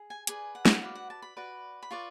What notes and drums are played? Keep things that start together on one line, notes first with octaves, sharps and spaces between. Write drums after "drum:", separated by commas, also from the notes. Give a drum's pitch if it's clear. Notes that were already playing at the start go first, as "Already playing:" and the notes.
Already playing: G#4
G#5
G#4 B4 D5 G#5, drum: hi-hat
F#5
drum: snare
F#4 B4 D5 F5
F#5
A5
B5
F#4 B4 D5
B5
F4 B4 D5 C#6